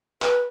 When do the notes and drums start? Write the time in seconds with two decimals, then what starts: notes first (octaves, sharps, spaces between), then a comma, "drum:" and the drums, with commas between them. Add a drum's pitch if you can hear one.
0.22 B4, drum: clap